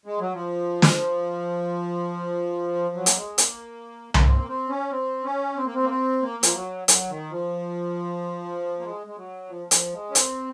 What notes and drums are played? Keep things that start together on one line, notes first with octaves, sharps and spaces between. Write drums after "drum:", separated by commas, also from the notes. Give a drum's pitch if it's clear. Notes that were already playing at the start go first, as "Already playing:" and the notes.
G#3
F#3
F3
drum: snare
F#3
A#3, drum: hi-hat
G#3
A#3, drum: hi-hat
A#3, drum: tom C2
C4
A#3
C4
C#4
C4
C#4
C4
A#3
C4
A#3
C4
A#3
F3, drum: hi-hat
F#3
F#3, drum: hi-hat
D#3
F3
A#3
G#3
G#3
F#3
F3
F3, drum: hi-hat
G#3
C#4
C4, drum: hi-hat